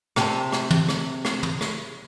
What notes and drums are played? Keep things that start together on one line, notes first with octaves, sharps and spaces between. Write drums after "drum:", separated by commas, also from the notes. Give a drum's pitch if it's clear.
C3 A5, drum: rim click
drum: rim click
drum: tom
drum: rim click
drum: rim click
drum: tom
drum: rim click